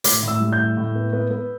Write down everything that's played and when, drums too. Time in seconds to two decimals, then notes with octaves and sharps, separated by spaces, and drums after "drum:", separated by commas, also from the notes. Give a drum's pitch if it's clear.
0.04 A2 D6, drum: hi-hat
0.23 A2
0.28 E6
0.40 G3
0.52 G6
0.58 A2
0.77 A2
0.95 B3
1.13 B3
1.30 B3